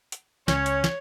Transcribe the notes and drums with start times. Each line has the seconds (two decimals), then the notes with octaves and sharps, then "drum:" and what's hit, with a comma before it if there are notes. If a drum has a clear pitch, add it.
0.12 drum: hi-hat
0.48 C#2 C#4 C#5, drum: snare
0.66 drum: hi-hat
0.84 drum: snare